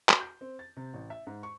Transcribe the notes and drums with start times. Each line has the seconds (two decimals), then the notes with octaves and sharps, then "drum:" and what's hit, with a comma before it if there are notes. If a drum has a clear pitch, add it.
0.09 F#4, drum: clap
0.21 G6
0.41 C4
0.59 A6
0.77 C3
0.94 A1
1.10 E5
1.27 G#2
1.43 C#6